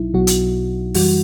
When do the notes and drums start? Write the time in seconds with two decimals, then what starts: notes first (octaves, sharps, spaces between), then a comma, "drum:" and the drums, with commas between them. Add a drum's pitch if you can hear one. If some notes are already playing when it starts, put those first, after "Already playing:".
Already playing: B1 B2 F#3 D#4 E4
0.14 B1 B2 F#3 F#4
0.27 drum: hi-hat
0.94 F#2 E3 G3 F#4, drum: open hi-hat